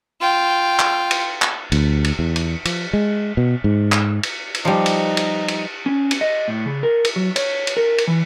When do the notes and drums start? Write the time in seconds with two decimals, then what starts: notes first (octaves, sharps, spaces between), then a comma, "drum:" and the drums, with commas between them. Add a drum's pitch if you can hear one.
0.21 F4 G5
0.79 drum: clap
1.11 drum: cymbal
1.42 drum: clap
1.72 D2, drum: cymbal
2.04 drum: cymbal
2.19 E2
2.36 drum: cymbal
2.65 F3, drum: cymbal
2.93 G#3
3.37 B2
3.64 G#2
3.92 drum: clap
4.23 drum: cymbal
4.55 drum: cymbal
4.65 F3 G3 D#4
4.86 drum: cymbal
5.17 drum: cymbal
5.48 drum: cymbal
5.86 C#4
6.11 drum: cymbal
6.21 D#5
6.48 A2
6.66 C#3
6.83 A#4
7.05 drum: cymbal
7.16 F#3
7.36 C#5, drum: cymbal
7.67 drum: cymbal
7.77 A#4
7.98 drum: cymbal
8.07 E3